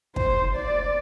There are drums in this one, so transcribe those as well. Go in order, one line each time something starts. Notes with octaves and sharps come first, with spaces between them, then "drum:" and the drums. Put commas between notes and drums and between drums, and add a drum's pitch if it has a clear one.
C5, drum: kick
D5